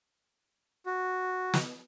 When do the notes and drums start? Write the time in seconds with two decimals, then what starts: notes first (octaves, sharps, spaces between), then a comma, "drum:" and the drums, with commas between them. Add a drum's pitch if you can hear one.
0.86 F#4
1.54 drum: snare